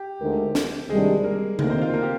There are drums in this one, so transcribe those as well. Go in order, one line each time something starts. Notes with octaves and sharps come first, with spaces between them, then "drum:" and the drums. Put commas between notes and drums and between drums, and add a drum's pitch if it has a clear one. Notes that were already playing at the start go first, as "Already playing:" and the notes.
Already playing: G4
D2 D3 G#3 D#4 A#4
drum: snare
D2 C3 D#3 G3 G#3 D4 G#4
A#3 A#4
D2 C3 D#3 A#3 D#4 A#4, drum: tom C#3
C4 C5
F4 F5
A#3 A#4
G4